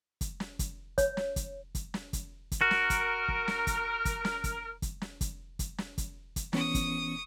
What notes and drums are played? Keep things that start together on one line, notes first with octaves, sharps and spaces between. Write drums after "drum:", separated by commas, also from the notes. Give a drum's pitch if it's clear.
drum: kick, hi-hat
drum: snare
drum: kick, hi-hat
C#5, drum: kick, hi-hat
drum: snare
drum: kick, hi-hat
drum: kick, hi-hat
drum: snare
drum: kick, hi-hat
drum: kick, hi-hat
F#4 A#4
drum: snare
drum: kick, hi-hat
drum: kick
drum: snare
drum: kick, hi-hat
drum: kick, hi-hat
drum: snare
drum: kick, hi-hat
drum: kick, hi-hat
drum: snare
drum: kick, hi-hat
drum: kick, hi-hat
drum: snare
drum: kick, hi-hat
drum: kick, hi-hat
E3 B3 C#4 C#6 D#6, drum: snare
drum: kick, hi-hat